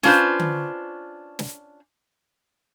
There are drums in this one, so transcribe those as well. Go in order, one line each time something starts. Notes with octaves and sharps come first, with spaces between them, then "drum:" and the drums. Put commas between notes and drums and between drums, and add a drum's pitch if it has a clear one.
C#4 D4 F4 B4 C5, drum: snare
drum: tom D3
drum: snare